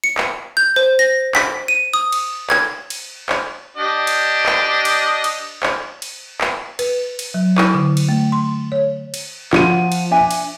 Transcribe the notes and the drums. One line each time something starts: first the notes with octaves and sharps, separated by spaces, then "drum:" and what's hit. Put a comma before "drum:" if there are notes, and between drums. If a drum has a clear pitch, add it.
C#7
drum: clap
G6
C5
A#6
B6, drum: clap
D#7
D#6
drum: cymbal
G#6, drum: clap
drum: cymbal
drum: clap
D4 G4 D#5
drum: cymbal
drum: clap
drum: cymbal
drum: cymbal
drum: clap
drum: cymbal
drum: clap
B4, drum: cymbal
drum: cymbal
F#3
E4, drum: clap
D3
drum: cymbal
A3
C6
C#5
drum: cymbal
F3 F4 F#5 D#7, drum: clap
drum: cymbal
D4 E5 G#5
drum: cymbal